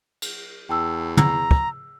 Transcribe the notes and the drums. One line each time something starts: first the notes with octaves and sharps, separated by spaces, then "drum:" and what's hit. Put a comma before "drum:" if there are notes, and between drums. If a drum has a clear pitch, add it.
drum: cymbal
E2 G5 A5 E6
A#5 E6, drum: tom
drum: kick